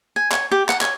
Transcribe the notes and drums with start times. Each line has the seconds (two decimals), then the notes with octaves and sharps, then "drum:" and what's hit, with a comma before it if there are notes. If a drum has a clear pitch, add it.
0.16 G#5
0.32 C#5, drum: clap
0.51 G4
0.69 F#5, drum: clap
0.81 C#5, drum: clap